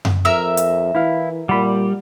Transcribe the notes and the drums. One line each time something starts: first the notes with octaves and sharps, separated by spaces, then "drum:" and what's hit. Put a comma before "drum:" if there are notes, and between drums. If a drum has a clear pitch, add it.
drum: tom F#2
F2 A#4 E5 E6
drum: hi-hat
E3 E4 F5
A#2 G3 F#5 B5